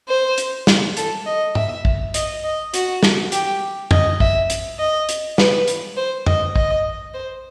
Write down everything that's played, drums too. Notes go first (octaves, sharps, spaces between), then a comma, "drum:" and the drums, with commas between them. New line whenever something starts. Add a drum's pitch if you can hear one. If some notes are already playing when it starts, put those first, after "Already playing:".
C5
drum: hi-hat
drum: snare
A4, drum: hi-hat
D#5
E5, drum: tom
drum: kick
D#5, drum: hi-hat
D#5
F#4, drum: hi-hat
drum: snare
G4, drum: hi-hat
D#5, drum: tom F2
E5, drum: kick
drum: hi-hat
D#5
drum: hi-hat
B4, drum: snare
drum: hi-hat
C5
D#5, drum: tom F2
D#5, drum: kick
C5